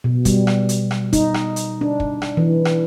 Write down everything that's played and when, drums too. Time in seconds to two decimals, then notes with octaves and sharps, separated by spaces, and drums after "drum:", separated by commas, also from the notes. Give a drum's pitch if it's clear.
0.04 B2
0.25 G3, drum: kick, hi-hat
0.47 drum: rim click
0.69 drum: hi-hat
0.91 drum: rim click
1.13 D#4, drum: kick, hi-hat
1.34 drum: rim click
1.56 drum: hi-hat
1.81 D4
2.00 drum: kick
2.22 drum: rim click
2.37 E3
2.65 drum: rim click